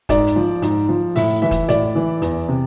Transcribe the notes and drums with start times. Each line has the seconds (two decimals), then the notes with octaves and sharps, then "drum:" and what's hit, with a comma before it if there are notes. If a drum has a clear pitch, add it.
0.09 G#2 D5, drum: kick, hi-hat
0.27 drum: hi-hat
0.36 F3
0.62 G#2, drum: hi-hat
0.89 F3
1.16 A2 E5, drum: open hi-hat
1.42 E3 E5
1.51 drum: kick, hi-hat
1.69 A2 D5, drum: hi-hat
1.95 E3
2.22 E2, drum: hi-hat
2.49 C3